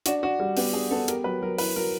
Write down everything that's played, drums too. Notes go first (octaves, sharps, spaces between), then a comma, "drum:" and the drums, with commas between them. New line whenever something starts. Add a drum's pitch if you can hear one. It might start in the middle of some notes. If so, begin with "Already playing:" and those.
D4 F#4, drum: hi-hat
D4 F#4
G3 F#4
B3 G4, drum: open hi-hat
D4 G#4
B3 A4
G4 A#4, drum: hi-hat
F#3 B4
F#3 A#4
E4 B4, drum: open hi-hat
F#3 A#4